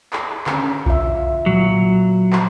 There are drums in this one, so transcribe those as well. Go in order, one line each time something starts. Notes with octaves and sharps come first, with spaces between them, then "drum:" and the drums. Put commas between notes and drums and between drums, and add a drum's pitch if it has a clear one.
drum: clap
D3 C#4, drum: clap
F4 E5, drum: kick B1
A#2 F#3
drum: clap